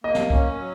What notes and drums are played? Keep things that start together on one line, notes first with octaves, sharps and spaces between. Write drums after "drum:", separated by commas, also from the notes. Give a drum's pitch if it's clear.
A#3 D#5
drum: snare
C#4, drum: kick C2
F#3